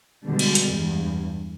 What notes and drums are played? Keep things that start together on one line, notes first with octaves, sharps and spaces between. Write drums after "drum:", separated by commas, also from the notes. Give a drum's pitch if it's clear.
B2 D3 G3 G#3
drum: cymbal
drum: hi-hat
E2 G2